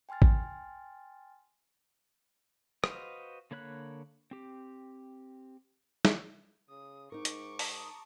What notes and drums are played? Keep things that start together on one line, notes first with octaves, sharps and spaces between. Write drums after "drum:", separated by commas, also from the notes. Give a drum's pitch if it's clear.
G5 G#5 C6 F6 A6
drum: kick A1
F#4 B4 C5 D#5 F5, drum: rim click
D3 A#3 C#5 B5 F#6
C4 G4
drum: snare
C#3 D#6
G#2 D#4 A#4 C#6 D6
drum: hi-hat
A5 A#5 D#6, drum: open hi-hat